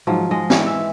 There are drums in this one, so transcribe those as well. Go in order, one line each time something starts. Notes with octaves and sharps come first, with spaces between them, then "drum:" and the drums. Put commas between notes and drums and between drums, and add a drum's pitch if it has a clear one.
G#2 D#3 F3 F#3
G#2 G#3 D#5
E3, drum: snare
E5